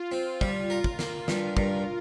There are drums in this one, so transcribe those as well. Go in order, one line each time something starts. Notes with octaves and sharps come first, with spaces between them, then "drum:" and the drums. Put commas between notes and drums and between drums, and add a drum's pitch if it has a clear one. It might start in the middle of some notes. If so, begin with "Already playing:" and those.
Already playing: F4
C4
G3, drum: kick
A#4
drum: kick
A#3, drum: snare
G2, drum: snare
G2 A#4, drum: kick